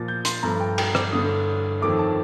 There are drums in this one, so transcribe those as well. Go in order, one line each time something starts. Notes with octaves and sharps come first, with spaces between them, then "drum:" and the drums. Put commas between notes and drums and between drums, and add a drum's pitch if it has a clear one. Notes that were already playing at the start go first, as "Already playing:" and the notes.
Already playing: A#2 F3 A#3 A6
G6
C6, drum: hi-hat
G2 F3 A3 A#5
G5
G5, drum: cymbal
D6, drum: rim click
G2 D3 A3 D#6
F2 D#3 A3 D6
A5